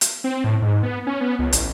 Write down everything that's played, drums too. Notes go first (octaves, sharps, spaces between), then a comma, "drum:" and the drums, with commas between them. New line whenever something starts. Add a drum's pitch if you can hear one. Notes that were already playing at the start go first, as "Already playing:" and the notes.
drum: hi-hat
C4
A2
G#2
B3
C#4
B3
C#2
A1, drum: hi-hat